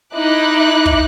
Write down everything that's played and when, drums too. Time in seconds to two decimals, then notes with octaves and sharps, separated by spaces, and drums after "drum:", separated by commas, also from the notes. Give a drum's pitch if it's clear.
0.15 D#4 E4 D6 F#6
0.86 drum: kick